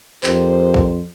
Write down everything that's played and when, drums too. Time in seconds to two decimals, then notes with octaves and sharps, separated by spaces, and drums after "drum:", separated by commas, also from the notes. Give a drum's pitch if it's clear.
0.24 F2 G4 A#4 C5, drum: clap
0.74 drum: kick B1